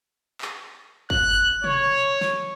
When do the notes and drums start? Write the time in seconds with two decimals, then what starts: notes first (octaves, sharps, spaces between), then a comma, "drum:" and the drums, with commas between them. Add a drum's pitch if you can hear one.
0.41 drum: clap
1.10 F#6, drum: kick
1.64 C#5, drum: tom
2.21 drum: snare